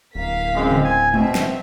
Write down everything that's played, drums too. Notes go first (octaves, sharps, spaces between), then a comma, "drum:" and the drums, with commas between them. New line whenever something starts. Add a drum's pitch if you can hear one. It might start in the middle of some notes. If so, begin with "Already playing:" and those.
D1 A#3 F5 B6
F#2 G#3 C4
drum: tom C#3
G#5
B2 C4 E5, drum: tom G#3
drum: snare